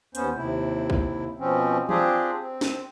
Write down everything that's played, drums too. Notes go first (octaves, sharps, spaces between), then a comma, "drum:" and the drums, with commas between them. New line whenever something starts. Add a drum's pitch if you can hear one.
D#2 B3 C#4 C5, drum: hi-hat
D#2 C3 E4
drum: kick
B2 F3 C4 C#4
C4 D4 F4 G4 G#4, drum: tom E3
C4
drum: snare